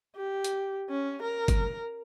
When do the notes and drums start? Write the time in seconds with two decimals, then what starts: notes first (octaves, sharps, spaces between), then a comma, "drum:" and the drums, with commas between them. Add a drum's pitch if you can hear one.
0.16 G4
0.44 drum: hi-hat
0.90 C#4
1.22 A#4
1.48 drum: kick G1, hi-hat